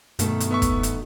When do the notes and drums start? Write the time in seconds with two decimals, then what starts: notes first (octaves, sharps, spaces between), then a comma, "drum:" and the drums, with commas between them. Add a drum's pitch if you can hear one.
0.19 G2 B2 D#3 A3, drum: hi-hat
0.40 drum: hi-hat
0.51 B3 E5 C#6
0.62 drum: kick, hi-hat
0.83 drum: hi-hat